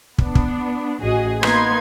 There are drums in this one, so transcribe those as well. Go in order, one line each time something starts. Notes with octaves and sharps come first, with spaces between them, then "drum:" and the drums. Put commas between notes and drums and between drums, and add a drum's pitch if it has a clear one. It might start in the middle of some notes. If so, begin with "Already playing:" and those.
B3 D4, drum: kick
drum: kick
A1 F#4 G#4 D#5
A#3 B3 D#4 B4 C6 G#6, drum: rim click